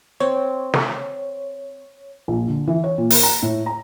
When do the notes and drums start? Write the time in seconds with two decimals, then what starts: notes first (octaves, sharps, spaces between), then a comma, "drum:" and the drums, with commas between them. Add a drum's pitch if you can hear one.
0.20 C4 C#5
0.74 drum: snare
2.28 A#1
2.48 D3
2.67 E3
2.84 C#5
2.98 A#2
3.10 A#4, drum: open hi-hat
3.23 A#5
3.43 A2
3.66 A#5